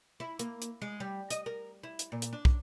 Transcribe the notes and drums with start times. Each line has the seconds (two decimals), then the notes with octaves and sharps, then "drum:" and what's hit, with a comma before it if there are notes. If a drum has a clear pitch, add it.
0.20 E4
0.39 A#3, drum: hi-hat
0.62 drum: hi-hat
0.82 G#3
1.00 G3
1.30 D#5, drum: hi-hat
1.46 A#4
1.83 E4
1.99 drum: hi-hat
2.12 A#2
2.22 drum: hi-hat
2.33 D4
2.45 drum: kick